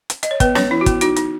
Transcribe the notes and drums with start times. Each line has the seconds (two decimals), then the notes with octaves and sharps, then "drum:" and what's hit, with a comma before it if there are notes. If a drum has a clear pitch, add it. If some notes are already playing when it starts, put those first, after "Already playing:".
0.10 drum: hi-hat
0.23 D#5, drum: hi-hat
0.31 C#5
0.40 B3 B4, drum: kick, hi-hat
0.55 B3 C#4 C#5, drum: snare
0.71 E3 E4
0.81 F#4
0.86 B3, drum: kick, hi-hat
1.01 D#4 F#4, drum: hi-hat
1.16 D#4, drum: hi-hat